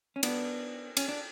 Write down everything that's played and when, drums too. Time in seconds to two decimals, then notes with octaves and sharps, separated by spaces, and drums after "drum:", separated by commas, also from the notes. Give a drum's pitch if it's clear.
0.16 C#4
0.23 B3 D4, drum: cymbal
0.97 C#4, drum: cymbal
1.08 D4